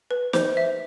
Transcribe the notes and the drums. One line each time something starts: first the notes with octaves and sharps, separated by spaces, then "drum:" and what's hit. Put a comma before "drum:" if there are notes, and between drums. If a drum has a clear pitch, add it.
B4
C5, drum: snare
E5